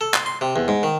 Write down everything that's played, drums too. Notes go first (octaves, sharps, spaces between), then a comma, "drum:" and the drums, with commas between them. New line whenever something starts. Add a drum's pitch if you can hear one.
A4
C6, drum: clap
C6
C3
E2
G#2
D#3